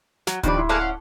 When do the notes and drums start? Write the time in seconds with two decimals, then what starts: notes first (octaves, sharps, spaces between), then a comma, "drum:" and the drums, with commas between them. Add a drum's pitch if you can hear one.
0.27 F#3, drum: snare
0.43 D#3 F3 D4 G4 B4 D5, drum: kick D1, hi-hat
0.57 E4 C6
0.69 A3 A#3 G#4 D5 F5 F#5
0.81 C#4